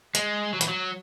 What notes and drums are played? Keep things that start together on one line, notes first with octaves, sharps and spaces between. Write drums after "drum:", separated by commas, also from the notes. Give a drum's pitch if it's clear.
G#3, drum: hi-hat
F#3
E3, drum: hi-hat
F#3